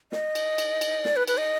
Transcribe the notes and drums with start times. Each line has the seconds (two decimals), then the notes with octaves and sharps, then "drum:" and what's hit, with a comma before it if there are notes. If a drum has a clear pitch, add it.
0.12 D#5, drum: snare
0.35 drum: cymbal
0.58 drum: cymbal
0.81 drum: cymbal
1.05 D5, drum: snare
1.16 B4
1.28 B4, drum: cymbal
1.38 D#5